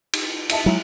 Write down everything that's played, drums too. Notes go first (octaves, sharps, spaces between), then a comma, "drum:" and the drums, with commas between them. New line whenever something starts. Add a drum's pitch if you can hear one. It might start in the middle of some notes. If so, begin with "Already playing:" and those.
drum: cymbal
D#5 E5 A5, drum: cymbal
F#3 G#3 E4